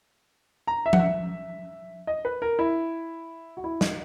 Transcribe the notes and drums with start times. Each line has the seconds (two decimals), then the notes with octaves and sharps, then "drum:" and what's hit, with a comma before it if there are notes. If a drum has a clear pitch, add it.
0.67 A#5
0.86 E5
0.93 F#5, drum: tom F3
1.00 E5
2.07 D#5
2.25 B4
2.42 A#4
2.59 E4
3.57 F#4
3.64 E4
3.81 D#4, drum: snare